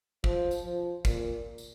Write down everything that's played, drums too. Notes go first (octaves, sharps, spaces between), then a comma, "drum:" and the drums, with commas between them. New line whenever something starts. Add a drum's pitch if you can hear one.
F3, drum: kick
drum: tambourine
F3
A#2, drum: kick, tambourine
drum: tambourine